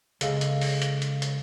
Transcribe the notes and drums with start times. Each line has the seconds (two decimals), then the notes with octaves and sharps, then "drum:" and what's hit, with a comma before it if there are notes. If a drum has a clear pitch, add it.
0.21 C#2 G#4 A4 D#5 F5, drum: hi-hat
0.41 drum: hi-hat
0.61 drum: open hi-hat
0.82 drum: hi-hat
1.02 drum: hi-hat
1.22 drum: hi-hat